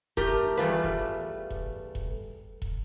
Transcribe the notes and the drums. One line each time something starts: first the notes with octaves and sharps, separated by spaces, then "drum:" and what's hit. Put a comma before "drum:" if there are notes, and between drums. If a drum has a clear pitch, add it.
A3 G4 A#4, drum: kick E1
E2 G3 A3 F4 B4
drum: kick E1
drum: kick E1
drum: kick E1
drum: kick E1